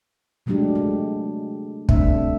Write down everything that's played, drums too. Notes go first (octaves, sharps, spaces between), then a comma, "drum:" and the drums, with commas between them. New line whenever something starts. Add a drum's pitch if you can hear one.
C3 F#3 G#3 A3 D4 G4
G#3
C3 G3 A3 C4 D4 E5, drum: kick